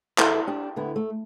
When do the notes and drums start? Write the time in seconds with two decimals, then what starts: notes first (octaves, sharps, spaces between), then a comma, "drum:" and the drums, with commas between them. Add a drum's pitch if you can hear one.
0.18 E2 E3 E4 A4, drum: clap
0.47 D4 G4
0.76 D2 D3 B3 E4
0.96 A3